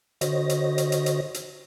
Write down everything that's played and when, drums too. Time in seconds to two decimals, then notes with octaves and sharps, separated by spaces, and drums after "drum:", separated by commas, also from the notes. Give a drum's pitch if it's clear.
0.21 D3 F#4 C5 C#5 D#5 A#6, drum: hi-hat
0.49 drum: hi-hat
0.78 drum: hi-hat
0.92 drum: hi-hat
1.06 drum: hi-hat
1.34 drum: hi-hat